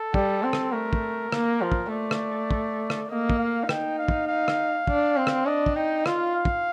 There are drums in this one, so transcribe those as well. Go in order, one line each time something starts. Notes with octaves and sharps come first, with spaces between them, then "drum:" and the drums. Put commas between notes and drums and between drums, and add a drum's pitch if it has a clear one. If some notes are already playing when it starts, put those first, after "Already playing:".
Already playing: A4
G3, drum: kick
C4
drum: rim click
A3 A#4
drum: kick
A#3, drum: rim click
F3
drum: kick
A3 D5
drum: rim click
drum: kick
drum: rim click
A#3 D#5
drum: kick
F5
D#4 G5, drum: rim click
F5
drum: kick
F5
drum: rim click
D4, drum: kick
C4
drum: rim click
D4 D#5
drum: kick
D#4 G5
F4 F5, drum: rim click
F5
drum: kick